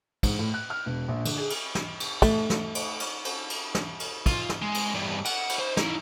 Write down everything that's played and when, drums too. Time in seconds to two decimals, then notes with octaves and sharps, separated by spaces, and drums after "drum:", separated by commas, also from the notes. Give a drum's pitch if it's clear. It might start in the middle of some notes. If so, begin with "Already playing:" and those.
0.23 G#2, drum: kick, cymbal
0.39 A2
0.54 F#6
0.70 F6
0.86 E1
1.08 A#1
1.25 D3, drum: cymbal
1.38 G#4
1.50 drum: cymbal
1.75 drum: snare
2.00 drum: cymbal
2.22 A3, drum: kick, cymbal
2.50 drum: snare
2.75 drum: cymbal
3.00 drum: cymbal
3.25 drum: cymbal
3.50 drum: cymbal
3.75 drum: snare
4.00 drum: cymbal
4.26 F4, drum: kick, cymbal
4.50 drum: snare
4.62 G#3
4.74 drum: cymbal
4.94 E2 G2
5.25 F#5, drum: cymbal
5.49 drum: cymbal
5.59 C5
5.77 D#4 E4, drum: snare